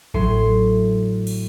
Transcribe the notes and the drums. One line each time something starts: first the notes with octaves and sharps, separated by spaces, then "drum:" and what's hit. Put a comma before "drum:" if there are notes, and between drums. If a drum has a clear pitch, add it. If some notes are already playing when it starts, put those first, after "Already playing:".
A2 F#3 C6, drum: kick A1
drum: cymbal